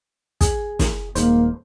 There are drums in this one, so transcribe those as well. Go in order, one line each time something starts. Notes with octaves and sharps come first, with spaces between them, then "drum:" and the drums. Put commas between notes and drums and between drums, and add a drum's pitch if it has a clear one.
G#4, drum: kick, hi-hat
drum: snare
D#1 G#2 A#3 C5, drum: hi-hat